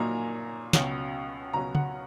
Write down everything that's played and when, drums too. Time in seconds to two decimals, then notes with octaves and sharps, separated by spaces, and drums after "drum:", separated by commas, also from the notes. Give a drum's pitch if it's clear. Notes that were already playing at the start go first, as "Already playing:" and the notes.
Already playing: A#2 F#3 A#3 D#4 G#5 A#5
0.73 C#2 B2 F#3 C#4, drum: snare
1.53 C#2 B2 F#3 C#4 A#5
1.75 F#5, drum: tom C#3